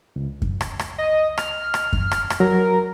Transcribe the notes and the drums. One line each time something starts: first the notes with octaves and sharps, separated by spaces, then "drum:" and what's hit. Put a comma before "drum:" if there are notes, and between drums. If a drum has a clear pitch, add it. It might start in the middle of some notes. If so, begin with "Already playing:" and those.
C#2
drum: kick F#2
drum: rim click
drum: rim click
D#5
F6, drum: rim click
drum: rim click
drum: kick F#2
drum: rim click
drum: rim click
F#3 A#4